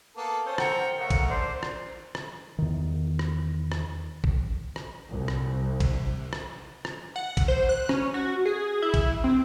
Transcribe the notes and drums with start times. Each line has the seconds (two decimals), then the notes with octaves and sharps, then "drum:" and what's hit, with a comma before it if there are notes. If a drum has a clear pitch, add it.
0.17 A#3 B3 A4
0.46 C#4 A4 C5
0.58 A#4 F#5 G5, drum: rim click
0.99 C#3 A3 A#4 F#5
1.10 drum: kick, cymbal
1.29 D4 C5 D5
1.63 drum: rim click
2.15 drum: rim click
2.58 E2 D#3
3.19 drum: rim click
3.72 drum: rim click
4.24 drum: kick
4.76 drum: rim click
5.10 C2
5.28 drum: rim click
5.80 drum: kick, cymbal
6.33 drum: rim click
6.85 drum: rim click
7.16 F#5
7.37 drum: kick, cymbal
7.48 C5
7.69 F#6
7.89 C#4, drum: rim click
8.14 F#4
8.45 G#4
8.82 E4
8.94 drum: kick, cymbal
9.24 C4